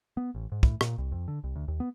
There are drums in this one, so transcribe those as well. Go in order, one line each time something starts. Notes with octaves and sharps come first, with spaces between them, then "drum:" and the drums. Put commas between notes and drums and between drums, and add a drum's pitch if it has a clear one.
B3
A1
G#2
A2, drum: kick
A#2, drum: rim click
C2
F2
D3
C2
D2
D#2
B3